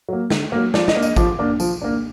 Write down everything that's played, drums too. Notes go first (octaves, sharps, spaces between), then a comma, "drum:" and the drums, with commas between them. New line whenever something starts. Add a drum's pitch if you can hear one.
F#3 A#3
D3, drum: snare
F#3 A#3
F3 D5, drum: snare
D#5, drum: snare
A#3 D4
D#5, drum: tambourine
F3 D6, drum: kick G#1, tambourine
A#3 D4
F3, drum: tambourine
A#3 D4